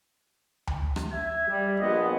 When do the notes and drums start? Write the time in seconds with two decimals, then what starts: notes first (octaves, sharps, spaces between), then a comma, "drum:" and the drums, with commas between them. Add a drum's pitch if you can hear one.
0.67 drum: tom D2
0.96 drum: rim click
1.12 E5 G#6
1.48 G3
1.80 A#1 B3 D#5